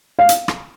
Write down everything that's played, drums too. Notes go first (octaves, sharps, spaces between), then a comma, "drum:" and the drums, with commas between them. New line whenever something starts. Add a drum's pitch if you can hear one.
F5
drum: hi-hat
drum: rim click